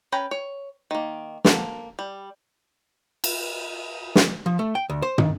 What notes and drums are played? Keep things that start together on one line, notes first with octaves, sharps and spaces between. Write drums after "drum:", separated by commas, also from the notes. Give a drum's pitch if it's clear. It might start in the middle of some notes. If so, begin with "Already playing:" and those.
C#4 B4 G5 A#5 B5
C#5
D#3 A#3
A#3 A4 C5 F#5, drum: snare
G3
drum: cymbal
drum: snare
F3
A3
G5
D2
C5
D#3, drum: tom